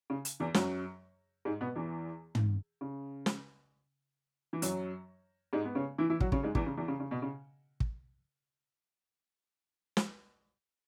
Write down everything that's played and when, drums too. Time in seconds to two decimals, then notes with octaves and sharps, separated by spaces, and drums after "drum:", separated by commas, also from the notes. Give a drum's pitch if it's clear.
0.10 C#3
0.25 drum: hi-hat
0.40 E2 E3
0.54 F#2 F#3, drum: snare
1.45 G#2 G#3
1.61 B2 B3
1.75 E2 E3
2.35 drum: tom
2.81 C#3
3.26 drum: snare
4.53 E3
4.62 F#2 F#3, drum: hi-hat
5.53 G#2 G#3
5.65 B3
5.75 C#3 C#4
5.98 E3 E4
6.09 E3 E4
6.20 F#3 F#4, drum: kick
6.32 C#3 C#4, drum: kick
6.43 G#2 G#3
6.55 E2 E3, drum: kick
6.66 C#3
6.77 E2 E3
6.88 C#3
7.00 C#3
7.11 B2
7.22 C#3
7.80 drum: kick
9.97 drum: snare